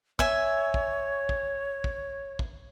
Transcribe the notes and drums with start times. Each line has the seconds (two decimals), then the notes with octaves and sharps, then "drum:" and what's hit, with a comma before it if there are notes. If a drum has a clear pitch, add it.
0.19 C#5 E5 G#5, drum: kick
0.74 drum: kick
1.29 drum: kick
1.84 drum: kick
2.39 drum: kick